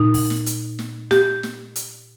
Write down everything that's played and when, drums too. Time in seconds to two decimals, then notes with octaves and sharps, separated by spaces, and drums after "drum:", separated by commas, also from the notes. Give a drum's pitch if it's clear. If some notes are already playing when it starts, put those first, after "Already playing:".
Already playing: A#2 D#4
0.14 drum: kick, open hi-hat
0.30 drum: snare
0.46 drum: hi-hat
0.79 drum: snare
1.11 G4, drum: snare
1.43 drum: snare
1.76 drum: hi-hat